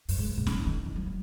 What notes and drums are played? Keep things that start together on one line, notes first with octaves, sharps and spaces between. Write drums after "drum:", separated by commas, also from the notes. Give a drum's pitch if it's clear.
F#2, drum: open hi-hat
G#2
B2
C#3, drum: snare
D#3
E3
F#3
F#3